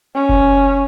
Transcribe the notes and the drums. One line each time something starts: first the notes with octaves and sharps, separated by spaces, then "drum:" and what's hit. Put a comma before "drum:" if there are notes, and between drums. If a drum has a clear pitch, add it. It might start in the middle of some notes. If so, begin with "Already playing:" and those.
C#4
drum: kick F#1